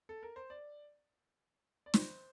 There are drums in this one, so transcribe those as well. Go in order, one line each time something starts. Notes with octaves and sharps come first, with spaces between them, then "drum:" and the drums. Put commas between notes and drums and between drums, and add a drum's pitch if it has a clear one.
A4
A#4
C5
D5
D5
C5, drum: snare